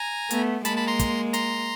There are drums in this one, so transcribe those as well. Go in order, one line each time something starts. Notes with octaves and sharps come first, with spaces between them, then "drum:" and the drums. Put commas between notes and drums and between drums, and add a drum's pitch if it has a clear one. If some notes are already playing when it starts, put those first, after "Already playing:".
Already playing: G#5 A#5
A3 B3, drum: hi-hat
G#3 A#3 A5 B5, drum: hi-hat
A5 B5
A#5 C6
drum: kick, hi-hat
A#5 C6, drum: hi-hat